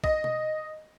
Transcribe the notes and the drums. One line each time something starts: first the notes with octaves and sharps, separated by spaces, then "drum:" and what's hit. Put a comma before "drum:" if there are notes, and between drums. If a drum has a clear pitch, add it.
D#5, drum: kick
drum: tom B2